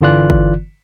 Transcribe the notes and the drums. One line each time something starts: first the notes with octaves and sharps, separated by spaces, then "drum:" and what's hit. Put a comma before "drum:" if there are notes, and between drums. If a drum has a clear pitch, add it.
G1 D3 E3 F4 D5 F#6
drum: kick